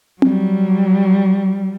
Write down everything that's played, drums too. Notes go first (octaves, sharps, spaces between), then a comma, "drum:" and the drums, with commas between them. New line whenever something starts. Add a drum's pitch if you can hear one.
F#3 G3, drum: tom C4